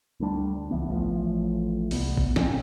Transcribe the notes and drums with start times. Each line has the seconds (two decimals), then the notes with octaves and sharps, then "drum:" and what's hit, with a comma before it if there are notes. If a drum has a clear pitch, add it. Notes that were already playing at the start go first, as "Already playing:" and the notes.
0.20 D2 G3 D4
0.71 C#2 E3 B3
0.89 A1 A2 F3
1.91 C2 B3, drum: open hi-hat
2.17 drum: kick G#1
2.36 B1 A#2 C4 C#4, drum: snare